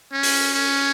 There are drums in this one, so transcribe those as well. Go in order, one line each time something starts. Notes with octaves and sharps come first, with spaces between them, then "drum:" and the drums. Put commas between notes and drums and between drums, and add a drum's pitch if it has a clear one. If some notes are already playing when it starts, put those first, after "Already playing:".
C#4
drum: open hi-hat
C#4